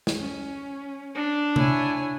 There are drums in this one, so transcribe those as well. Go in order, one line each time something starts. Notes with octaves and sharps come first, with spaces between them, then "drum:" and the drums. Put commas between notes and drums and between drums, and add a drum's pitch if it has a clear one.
drum: snare
C#4
D4
E4 C#5 G#5, drum: tom C3